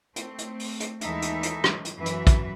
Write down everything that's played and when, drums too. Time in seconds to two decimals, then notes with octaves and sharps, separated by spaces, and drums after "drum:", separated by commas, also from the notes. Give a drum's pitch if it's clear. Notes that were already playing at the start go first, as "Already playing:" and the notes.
0.16 A3 C4, drum: hi-hat
0.38 drum: hi-hat
0.59 drum: open hi-hat
0.80 drum: hi-hat
1.01 D#2 E3 G#3 D#4 A4 E5, drum: hi-hat
1.22 drum: hi-hat
1.43 drum: hi-hat
1.64 drum: rim click
1.85 drum: hi-hat
1.97 F#2 E3 F#3 B4 E5
2.06 drum: hi-hat
2.27 drum: kick, hi-hat